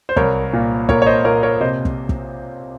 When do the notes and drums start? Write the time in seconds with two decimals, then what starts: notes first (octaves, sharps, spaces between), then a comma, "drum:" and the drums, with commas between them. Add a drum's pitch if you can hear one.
0.09 C5
0.16 C2 A#4 C#5, drum: kick
0.53 A#2
0.89 A#2 A#4 C#5, drum: kick
1.02 C#5
1.06 C5 D#5
1.25 A#2 A#4 C#5
1.43 A#4 C#5
1.61 C3 C5 D#5
1.85 drum: kick
2.09 drum: kick